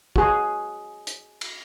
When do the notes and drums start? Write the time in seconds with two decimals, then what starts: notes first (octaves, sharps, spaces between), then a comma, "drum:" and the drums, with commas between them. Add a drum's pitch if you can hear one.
0.16 F#4 G#4, drum: kick
1.07 drum: hi-hat
1.41 drum: cymbal